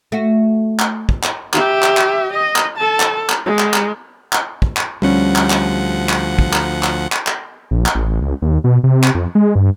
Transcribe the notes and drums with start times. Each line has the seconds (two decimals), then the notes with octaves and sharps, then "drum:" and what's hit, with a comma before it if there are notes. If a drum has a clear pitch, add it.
0.12 A3 F#4
0.79 drum: clap
1.09 drum: kick
1.23 drum: clap
1.54 G4 E5, drum: clap
1.82 drum: clap
1.97 drum: clap
2.33 D#5
2.56 drum: clap
2.78 A4 A5
3.00 drum: clap
3.30 drum: clap
3.46 G#3
3.59 drum: clap
3.74 drum: clap
4.33 drum: clap
4.62 drum: kick
4.77 drum: clap
5.02 D2 F3 G3 C#4 F#5
5.36 drum: clap
5.50 drum: clap
6.09 drum: clap
6.39 drum: kick
6.53 drum: clap
6.83 drum: clap
7.12 drum: clap
7.27 drum: clap
7.71 A#1
7.86 drum: clap
7.95 A1
8.21 C#2
8.42 D#2
8.64 B2
8.83 C3
9.04 drum: clap
9.15 F2
9.35 G#3
9.55 G2